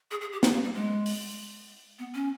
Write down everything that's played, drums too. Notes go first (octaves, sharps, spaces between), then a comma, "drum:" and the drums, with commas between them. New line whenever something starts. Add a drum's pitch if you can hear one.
G#4
G#4
G4
D#4, drum: snare
A#3
G3
G#3
drum: open hi-hat
B3
C#4